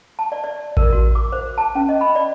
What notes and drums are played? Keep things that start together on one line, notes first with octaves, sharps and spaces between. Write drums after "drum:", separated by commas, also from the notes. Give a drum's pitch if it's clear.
A5
D5
D5
A#4, drum: kick A1
F#4
D6
C5
A5
C#4
D#5
B5
D5